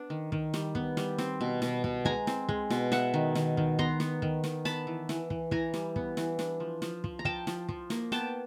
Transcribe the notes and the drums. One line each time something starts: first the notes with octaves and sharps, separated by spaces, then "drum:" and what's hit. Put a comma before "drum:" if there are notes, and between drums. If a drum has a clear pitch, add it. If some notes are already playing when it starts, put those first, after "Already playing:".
Already playing: B3 D4
D#3
D#3, drum: kick
G3, drum: snare
B3, drum: kick
G3, drum: snare
C4, drum: snare
B2
B2, drum: snare
B2, drum: kick
G#3 G#5 A#5, drum: kick
C4, drum: snare
G#3, drum: kick
B2, drum: snare
B3 E5 F#5, drum: snare
D#3
D#3, drum: snare
D#3, drum: kick
B3 A#5 C6, drum: kick
B3, drum: snare
D#3, drum: kick
D#3, drum: snare
B3 A5 B5, drum: snare
E3
E3, drum: snare
E3, drum: kick
E3 G#5 A#5, drum: kick
G3, drum: snare
B3, drum: kick
E3, drum: snare
D4, drum: snare
F3
F3, drum: snare
F3, drum: kick
A#5
F3 G5 A5, drum: kick
F3, drum: snare
F3, drum: kick
A#3, drum: snare
B3 G5 A5, drum: snare